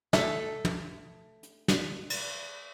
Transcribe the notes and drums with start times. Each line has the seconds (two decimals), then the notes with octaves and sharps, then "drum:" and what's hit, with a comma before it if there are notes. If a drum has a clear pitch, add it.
0.13 A3 A4, drum: snare
0.65 drum: tom
1.43 drum: hi-hat
1.68 drum: snare
2.10 drum: cymbal